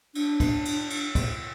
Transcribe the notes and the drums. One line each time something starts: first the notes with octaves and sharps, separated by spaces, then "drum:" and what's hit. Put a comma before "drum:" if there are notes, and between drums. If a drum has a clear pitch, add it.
D4, drum: cymbal
drum: kick, cymbal
drum: cymbal
drum: cymbal
drum: kick, cymbal